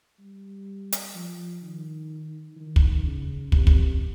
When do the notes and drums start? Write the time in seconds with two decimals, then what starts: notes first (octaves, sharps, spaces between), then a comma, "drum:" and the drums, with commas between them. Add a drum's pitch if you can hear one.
0.20 G3
0.92 drum: hi-hat
1.15 F3
1.62 D#3
2.56 D#3
2.76 drum: kick
3.04 C#3
3.52 C3, drum: kick
3.67 drum: kick